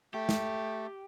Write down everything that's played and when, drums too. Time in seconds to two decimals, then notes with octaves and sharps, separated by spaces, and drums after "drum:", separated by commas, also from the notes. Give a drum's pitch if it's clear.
0.13 A3 G4
0.29 drum: snare